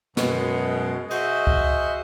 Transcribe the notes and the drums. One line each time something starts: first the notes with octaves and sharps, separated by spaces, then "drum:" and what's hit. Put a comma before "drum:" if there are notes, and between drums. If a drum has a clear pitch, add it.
F#2 B2 G#3, drum: snare
F#4 G#4 C5 D#5 E5 F#5, drum: cymbal
drum: kick